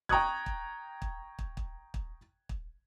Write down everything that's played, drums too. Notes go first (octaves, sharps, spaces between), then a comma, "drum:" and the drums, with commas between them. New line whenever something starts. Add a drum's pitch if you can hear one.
G5 A#5 C#6 D#6 F#6 G#6, drum: kick
drum: kick
drum: kick
drum: kick
drum: kick
drum: kick
drum: kick